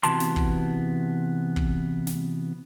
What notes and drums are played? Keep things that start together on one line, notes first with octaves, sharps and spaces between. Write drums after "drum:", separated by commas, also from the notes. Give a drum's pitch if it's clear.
C3 E3 B3 F#4 A5 C6, drum: hi-hat
drum: snare
drum: kick
drum: kick
drum: snare